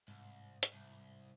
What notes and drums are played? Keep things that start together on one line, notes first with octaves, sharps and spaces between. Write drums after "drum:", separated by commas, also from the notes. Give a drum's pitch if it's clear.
C2 G#2
drum: hi-hat
C2